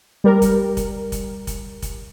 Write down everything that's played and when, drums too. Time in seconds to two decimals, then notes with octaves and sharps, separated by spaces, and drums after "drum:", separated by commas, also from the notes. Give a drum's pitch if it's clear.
0.24 G3 A#4
0.42 drum: kick F1, hi-hat
0.77 drum: kick F1, hi-hat
1.12 drum: kick F1, hi-hat
1.47 drum: kick F1, hi-hat
1.82 drum: kick F1, hi-hat